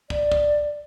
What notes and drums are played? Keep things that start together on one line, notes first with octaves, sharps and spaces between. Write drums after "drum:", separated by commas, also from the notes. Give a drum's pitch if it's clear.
D5, drum: kick
drum: kick